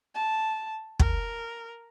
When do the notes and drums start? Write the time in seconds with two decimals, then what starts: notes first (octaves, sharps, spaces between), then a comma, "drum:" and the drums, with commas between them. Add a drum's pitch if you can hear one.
0.15 A5
0.99 A#4, drum: kick